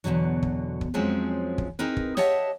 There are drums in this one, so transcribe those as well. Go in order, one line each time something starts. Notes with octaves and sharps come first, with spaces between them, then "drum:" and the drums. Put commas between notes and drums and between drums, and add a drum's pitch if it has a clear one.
E2 G2 B2 D3 F#3
drum: kick
drum: kick
F2 F3 F#3 G#3 C4 C#4
drum: kick
C4 D#4 G#4 A#4 B4
drum: kick
G4 C#5 D#5 E5 F#5 A5, drum: snare